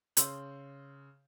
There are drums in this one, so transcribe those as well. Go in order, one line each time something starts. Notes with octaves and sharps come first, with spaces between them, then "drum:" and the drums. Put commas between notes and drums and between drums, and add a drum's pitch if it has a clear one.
C#3 C6 E6 G6 F#7, drum: hi-hat